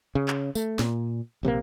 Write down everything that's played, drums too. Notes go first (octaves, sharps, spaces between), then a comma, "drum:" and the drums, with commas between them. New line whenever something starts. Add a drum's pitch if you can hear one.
C#3
drum: clap
A3, drum: tambourine
A#2, drum: snare
A#1 C3 E3 A#3